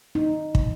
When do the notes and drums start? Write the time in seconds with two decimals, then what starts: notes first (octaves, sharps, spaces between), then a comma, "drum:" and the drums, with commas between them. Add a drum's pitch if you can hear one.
0.15 D#4
0.55 drum: kick